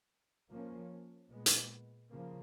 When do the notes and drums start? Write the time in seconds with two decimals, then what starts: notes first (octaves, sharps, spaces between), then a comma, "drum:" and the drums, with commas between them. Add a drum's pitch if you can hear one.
0.50 F3 A#3 C#4
1.30 A#2 G#3 B3
1.46 drum: hi-hat
2.11 C#3 F3 A#3